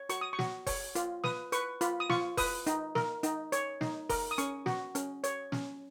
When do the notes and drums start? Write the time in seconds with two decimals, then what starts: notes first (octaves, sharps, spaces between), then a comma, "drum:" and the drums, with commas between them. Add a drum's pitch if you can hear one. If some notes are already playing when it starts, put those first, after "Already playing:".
Already playing: C#5
0.09 F#4 C#6, drum: hi-hat
0.21 D#6
0.33 C#6
0.39 F#4, drum: snare
0.67 C#5, drum: kick F1, open hi-hat
0.95 F4, drum: hi-hat
1.24 B4 D#6, drum: snare
1.52 B4 C#6, drum: hi-hat
1.81 F4 B5, drum: hi-hat
2.00 D#6
2.10 F4 C#6, drum: snare
2.37 B4 D#6, drum: kick F1, open hi-hat
2.67 D#4, drum: hi-hat
2.95 A#4, drum: snare
3.23 D#4, drum: hi-hat
3.52 C#5, drum: hi-hat
3.81 D#4, drum: snare
4.10 A#4, drum: kick F1, open hi-hat
4.31 D#6
4.38 C#4 C#6, drum: hi-hat
4.66 F#4, drum: snare
4.95 C#4, drum: hi-hat
5.24 C#5, drum: hi-hat
5.52 C#4, drum: snare